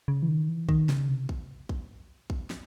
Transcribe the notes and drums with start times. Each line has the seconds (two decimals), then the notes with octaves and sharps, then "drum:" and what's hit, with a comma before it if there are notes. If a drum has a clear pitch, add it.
0.08 C#3
0.22 E3
0.29 D#3
0.49 E3
0.69 D#3, drum: kick
0.89 C#3, drum: snare
1.09 C3
1.29 drum: kick
1.69 drum: kick
2.30 drum: kick
2.50 drum: snare